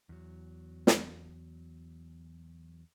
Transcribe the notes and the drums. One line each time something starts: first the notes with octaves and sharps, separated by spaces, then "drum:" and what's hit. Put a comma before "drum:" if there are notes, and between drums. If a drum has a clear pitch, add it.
E2 F#3
drum: snare